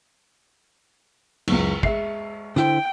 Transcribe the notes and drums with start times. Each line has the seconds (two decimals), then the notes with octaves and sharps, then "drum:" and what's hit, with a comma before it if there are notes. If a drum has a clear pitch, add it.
1.48 F#1 C#2, drum: cymbal
1.83 G#3 E5 C7, drum: kick
2.56 D3 E4 C5 G5, drum: rim click